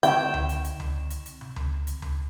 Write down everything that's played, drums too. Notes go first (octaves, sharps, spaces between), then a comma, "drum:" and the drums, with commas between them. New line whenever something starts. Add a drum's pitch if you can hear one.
D3 C4 G5 E7, drum: hi-hat
drum: tom C#2
drum: hi-hat
drum: hi-hat
drum: tom C#2
drum: hi-hat
drum: hi-hat
drum: tom
drum: tom C#2
drum: hi-hat
drum: tom C#2